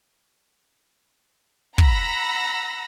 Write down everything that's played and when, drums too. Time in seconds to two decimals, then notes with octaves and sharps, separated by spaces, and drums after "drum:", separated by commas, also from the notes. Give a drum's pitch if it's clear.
1.78 F#5 A#5 B5 E6 A#6, drum: kick